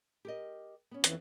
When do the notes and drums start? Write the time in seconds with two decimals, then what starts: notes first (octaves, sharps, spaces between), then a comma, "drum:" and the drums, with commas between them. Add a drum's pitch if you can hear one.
0.25 G4 A#4 D#5
0.91 B3 C#4
1.04 F2 E3, drum: hi-hat